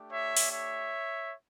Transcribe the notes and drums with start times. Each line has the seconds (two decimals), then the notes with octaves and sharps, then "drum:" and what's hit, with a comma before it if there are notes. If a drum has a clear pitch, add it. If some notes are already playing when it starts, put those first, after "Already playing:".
Already playing: A3 D4 G4
0.12 C#5 E5
0.37 drum: open hi-hat
0.51 C#5 E5